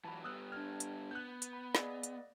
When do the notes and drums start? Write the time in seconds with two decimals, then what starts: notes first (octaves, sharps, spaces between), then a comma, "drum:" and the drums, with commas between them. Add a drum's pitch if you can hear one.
0.04 E3 F#3 A5 B5
0.24 G3 B3 D#6 E6 F#6
0.52 D4 F6 G#6
0.80 drum: hi-hat
1.11 B3 F#6 G6
1.42 drum: hi-hat
1.53 B5
1.75 A#3 G#4 D5 D#5, drum: snare
2.03 drum: hi-hat